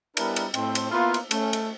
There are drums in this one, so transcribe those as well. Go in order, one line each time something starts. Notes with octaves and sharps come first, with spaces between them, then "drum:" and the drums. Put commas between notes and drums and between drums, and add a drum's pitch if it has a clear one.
G3 B3 D4 E4 A#4, drum: cymbal
drum: cymbal
A2 C4, drum: cymbal
drum: cymbal
A#3 B3 E4 F4
drum: cymbal
A3 C#4, drum: cymbal
drum: cymbal